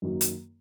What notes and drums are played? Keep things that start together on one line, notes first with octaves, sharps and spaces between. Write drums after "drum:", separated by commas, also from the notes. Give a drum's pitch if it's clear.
F#2 D#3 F#3 A#3
drum: hi-hat